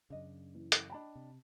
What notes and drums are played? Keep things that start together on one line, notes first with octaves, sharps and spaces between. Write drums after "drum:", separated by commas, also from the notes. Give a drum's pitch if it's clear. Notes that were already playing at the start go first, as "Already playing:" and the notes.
F#2 C#3 D4 D#5
E3
drum: hi-hat
D4 F4 D#5 G5 A5 B5
C3